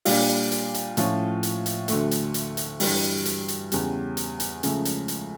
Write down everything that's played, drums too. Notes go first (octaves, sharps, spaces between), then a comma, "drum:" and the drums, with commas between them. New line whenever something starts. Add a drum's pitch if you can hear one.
A#2 G3 D4 F4, drum: open hi-hat
drum: hi-hat
drum: hi-hat
A2 F3 C#4 F4, drum: hi-hat
drum: hi-hat
drum: hi-hat
D2 D3 A3, drum: hi-hat
drum: hi-hat
drum: hi-hat
drum: hi-hat
G2 E3 G3, drum: open hi-hat
drum: hi-hat
drum: hi-hat
E2 C#3 G3, drum: hi-hat
drum: hi-hat
drum: hi-hat
C#2 C#3 F3 A3, drum: hi-hat
drum: hi-hat
drum: hi-hat